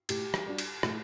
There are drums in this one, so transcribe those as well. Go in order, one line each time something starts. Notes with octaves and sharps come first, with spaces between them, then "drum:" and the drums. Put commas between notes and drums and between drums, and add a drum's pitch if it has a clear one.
A2 G4, drum: cymbal
drum: rim click
G3 D4 F#4
drum: cymbal
A2, drum: rim click